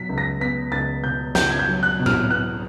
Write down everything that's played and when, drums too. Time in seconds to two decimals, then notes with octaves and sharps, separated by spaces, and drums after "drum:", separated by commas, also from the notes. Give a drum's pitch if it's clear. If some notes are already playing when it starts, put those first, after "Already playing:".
Already playing: B2 F#3 B6
0.09 C#2
0.18 A#6
0.40 B3 B6
0.72 C#2 A6
1.04 B2 G6
1.35 C#2 G6, drum: snare
1.51 G#6
1.59 G6
1.68 F#3
1.83 F#6
1.99 B2
2.06 F6, drum: tom A2
2.31 B3 F#6